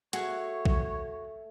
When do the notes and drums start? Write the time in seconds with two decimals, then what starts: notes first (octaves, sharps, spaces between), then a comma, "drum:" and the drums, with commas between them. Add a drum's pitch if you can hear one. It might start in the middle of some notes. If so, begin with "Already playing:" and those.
0.13 A3 F#4 G#4 C#5 C#6, drum: hi-hat
0.65 drum: kick